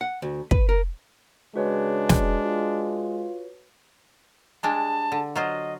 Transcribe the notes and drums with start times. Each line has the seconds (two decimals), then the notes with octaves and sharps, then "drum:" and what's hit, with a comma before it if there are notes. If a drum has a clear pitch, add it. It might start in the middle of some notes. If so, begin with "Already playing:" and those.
0.01 F#5
0.22 D2
0.51 B4, drum: kick
0.69 A#4
1.56 C#3 G#3 D4 F#4 B4 C#5
2.09 drum: snare
2.45 F4
4.63 G3 G#3 D4 A5
5.12 D3
5.36 F#3 F4 C5 D#5